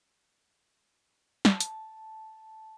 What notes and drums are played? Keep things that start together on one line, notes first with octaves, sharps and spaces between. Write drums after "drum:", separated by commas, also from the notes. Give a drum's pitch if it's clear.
A5, drum: snare
drum: hi-hat